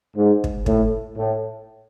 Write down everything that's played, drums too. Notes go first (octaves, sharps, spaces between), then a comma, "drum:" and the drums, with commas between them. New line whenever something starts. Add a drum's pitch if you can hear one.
G#2
drum: kick
A2, drum: kick
A2